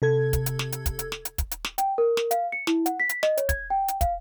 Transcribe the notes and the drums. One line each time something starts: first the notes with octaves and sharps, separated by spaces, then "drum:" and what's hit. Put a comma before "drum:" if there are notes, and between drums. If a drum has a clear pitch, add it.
C3 A4 G#6
drum: kick, hi-hat
drum: hi-hat
drum: snare
drum: hi-hat
drum: kick, hi-hat
drum: hi-hat
drum: snare
drum: hi-hat
drum: kick, hi-hat
drum: hi-hat
drum: snare
G5, drum: hi-hat
A#4
drum: snare
F5, drum: hi-hat
C#7
E4, drum: snare
F#5, drum: hi-hat
B6
drum: hi-hat
D#5, drum: snare
C#5, drum: hi-hat
G#6, drum: kick, hi-hat
G5
drum: hi-hat
F5, drum: kick, hi-hat